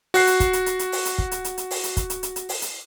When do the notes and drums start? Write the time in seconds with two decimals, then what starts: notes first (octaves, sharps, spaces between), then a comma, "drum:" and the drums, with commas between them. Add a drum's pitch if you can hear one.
0.14 F#4 F#6 C7, drum: open hi-hat
0.27 drum: hi-hat
0.40 drum: kick, hi-hat
0.53 drum: hi-hat
0.66 drum: hi-hat
0.79 drum: hi-hat
0.92 drum: open hi-hat
1.05 drum: hi-hat
1.18 drum: kick
1.31 drum: hi-hat
1.44 drum: hi-hat
1.58 drum: hi-hat
1.71 drum: open hi-hat
1.84 drum: hi-hat
1.97 drum: kick, hi-hat
2.10 drum: hi-hat
2.23 drum: hi-hat
2.36 drum: hi-hat
2.49 drum: open hi-hat
2.62 drum: hi-hat